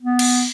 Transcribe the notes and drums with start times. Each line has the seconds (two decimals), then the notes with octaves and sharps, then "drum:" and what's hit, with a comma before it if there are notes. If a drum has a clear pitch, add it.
0.02 B3
0.19 drum: cymbal